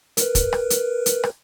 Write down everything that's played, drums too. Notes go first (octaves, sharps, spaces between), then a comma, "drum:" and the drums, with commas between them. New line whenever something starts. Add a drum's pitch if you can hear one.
A#4 B4, drum: hi-hat
drum: kick, hi-hat
drum: rim click
drum: hi-hat
drum: hi-hat
drum: rim click